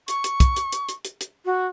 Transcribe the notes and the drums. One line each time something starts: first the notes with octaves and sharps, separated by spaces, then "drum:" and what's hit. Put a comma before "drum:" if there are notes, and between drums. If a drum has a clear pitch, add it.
C#6, drum: hi-hat
drum: hi-hat
drum: kick, hi-hat
drum: hi-hat
drum: hi-hat
drum: hi-hat
drum: hi-hat
drum: hi-hat
F#4